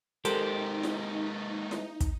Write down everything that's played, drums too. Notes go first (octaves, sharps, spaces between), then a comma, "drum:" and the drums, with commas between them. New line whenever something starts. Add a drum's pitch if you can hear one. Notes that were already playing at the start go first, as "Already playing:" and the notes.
G#3 A#3 D#4 G4 A4 A#4 C5 G5, drum: hi-hat
drum: snare E4
drum: snare E4
drum: kick, hi-hat